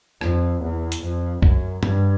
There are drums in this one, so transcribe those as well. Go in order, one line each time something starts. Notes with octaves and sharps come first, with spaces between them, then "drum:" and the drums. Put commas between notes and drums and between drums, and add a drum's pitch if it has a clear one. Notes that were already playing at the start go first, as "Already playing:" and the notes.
F2, drum: rim click
E2
drum: hi-hat
F2
F#2, drum: kick B1
G2, drum: tom